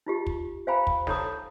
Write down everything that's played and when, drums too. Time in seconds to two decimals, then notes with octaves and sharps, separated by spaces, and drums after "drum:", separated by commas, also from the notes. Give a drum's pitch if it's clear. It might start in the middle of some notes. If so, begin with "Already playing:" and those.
0.06 D#4 F4 G4
0.27 drum: kick
0.67 C5 F5 G5 G#5 A#5 B5
0.87 drum: kick
1.07 D#4 A4 C#5 A#5 D#6, drum: snare